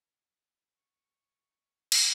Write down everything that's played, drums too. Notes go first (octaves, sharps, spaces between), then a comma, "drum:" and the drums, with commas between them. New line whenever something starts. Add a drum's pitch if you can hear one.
C#6
drum: cymbal